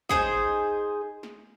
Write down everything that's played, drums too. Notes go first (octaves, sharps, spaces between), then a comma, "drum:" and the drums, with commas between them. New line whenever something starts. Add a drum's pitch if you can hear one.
D#4 G#4 C5, drum: kick
drum: snare